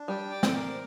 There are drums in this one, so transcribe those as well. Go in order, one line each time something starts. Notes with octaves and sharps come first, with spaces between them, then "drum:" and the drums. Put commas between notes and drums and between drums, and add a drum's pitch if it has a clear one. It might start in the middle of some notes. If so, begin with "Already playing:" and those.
Already playing: D4
G3 G5
D5
C4, drum: snare
A#4